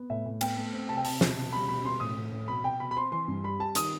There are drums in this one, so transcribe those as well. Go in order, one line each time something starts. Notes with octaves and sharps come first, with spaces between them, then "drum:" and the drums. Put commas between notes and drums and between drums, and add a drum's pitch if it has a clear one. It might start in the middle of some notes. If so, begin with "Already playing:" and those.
Already playing: B3
A2 E5
A2
B3 G5, drum: cymbal
A3
C4
C3 A5
G5
C3 A5, drum: open hi-hat
B2, drum: snare
B2
G3 B5
B2 B5
B3 C6
A2 D#6
A2
A2
B2 B5
B2 G5
B2 B5
B5
C4 C6
E3 C6
G2
G3 B5
G3 A5
D#3 D#6, drum: hi-hat